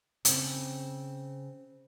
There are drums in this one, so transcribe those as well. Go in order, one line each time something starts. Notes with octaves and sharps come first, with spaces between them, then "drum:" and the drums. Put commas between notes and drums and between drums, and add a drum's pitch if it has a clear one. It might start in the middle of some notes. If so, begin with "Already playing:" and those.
C#3 C4, drum: hi-hat